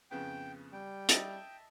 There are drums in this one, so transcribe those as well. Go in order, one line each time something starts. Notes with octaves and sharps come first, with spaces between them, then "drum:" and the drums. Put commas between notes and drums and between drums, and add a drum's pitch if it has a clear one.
F2 C#3 B3 G5
G3 G5
D#5 E5 A5, drum: hi-hat